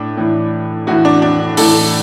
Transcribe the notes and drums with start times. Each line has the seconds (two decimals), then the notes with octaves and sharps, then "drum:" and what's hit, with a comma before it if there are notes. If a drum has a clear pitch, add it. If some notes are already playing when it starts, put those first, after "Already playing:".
Already playing: A2 D4
0.17 A2 E3
0.87 A2 E3 F#4
1.05 D4
1.22 D4
1.57 A2 E3 A4, drum: open hi-hat